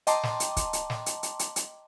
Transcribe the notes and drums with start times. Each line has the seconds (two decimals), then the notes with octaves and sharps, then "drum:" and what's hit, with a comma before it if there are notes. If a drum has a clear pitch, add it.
0.07 D#5 G5 A5 A#5 C6 D6, drum: hi-hat
0.23 drum: snare
0.40 drum: hi-hat
0.57 drum: kick, hi-hat
0.73 drum: hi-hat
0.90 drum: snare
1.06 drum: hi-hat
1.23 drum: hi-hat
1.39 drum: hi-hat
1.56 drum: hi-hat